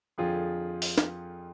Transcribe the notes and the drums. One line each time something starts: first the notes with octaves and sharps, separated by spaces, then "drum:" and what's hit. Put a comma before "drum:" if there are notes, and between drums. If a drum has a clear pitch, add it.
F2 D3 F3 F4 G#4
drum: open hi-hat
drum: snare